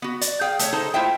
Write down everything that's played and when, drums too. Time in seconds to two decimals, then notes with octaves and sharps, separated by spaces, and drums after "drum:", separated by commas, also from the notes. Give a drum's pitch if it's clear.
0.02 B3 F#4
0.21 D5, drum: hi-hat
0.41 G#4 F5 G5
0.59 A3 C5 C#5, drum: hi-hat
0.73 D#4 G#4 A4 C5
0.94 A3 E4 F4 C5 E5 G5